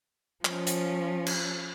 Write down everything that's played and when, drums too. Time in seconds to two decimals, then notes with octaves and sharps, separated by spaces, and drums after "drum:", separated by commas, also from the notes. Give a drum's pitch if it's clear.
0.45 F3 C#4, drum: clap
0.67 drum: hi-hat
1.26 drum: cymbal